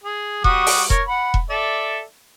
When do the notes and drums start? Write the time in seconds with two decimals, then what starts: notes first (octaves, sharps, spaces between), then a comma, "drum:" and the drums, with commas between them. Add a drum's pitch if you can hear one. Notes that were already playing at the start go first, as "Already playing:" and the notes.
0.04 G#4
0.44 G3 F#4 D#6, drum: kick E1
0.67 drum: open hi-hat
0.90 A#4 C#5, drum: kick E1
1.07 F#5 B5
1.34 drum: kick E1
1.50 A4 D5 E5